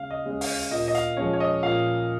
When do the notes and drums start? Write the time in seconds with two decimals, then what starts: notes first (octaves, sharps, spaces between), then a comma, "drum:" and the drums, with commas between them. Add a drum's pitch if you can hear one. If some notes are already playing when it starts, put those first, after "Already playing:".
Already playing: C#3 G#3 C#4 F5
0.11 D#5
0.26 G#3 C#4
0.41 F5, drum: open hi-hat
0.71 A#2 D#5
0.88 D#5
0.95 F5, drum: hi-hat
1.17 F3 G#3 C#4 C#5
1.33 C#5
1.40 D#5
1.63 A#2 F5